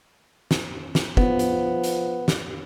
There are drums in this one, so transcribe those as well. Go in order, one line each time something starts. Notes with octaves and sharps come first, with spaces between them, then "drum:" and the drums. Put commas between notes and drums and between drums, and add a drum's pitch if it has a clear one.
drum: snare
drum: snare
F3 B3, drum: kick
drum: hi-hat
drum: hi-hat
drum: snare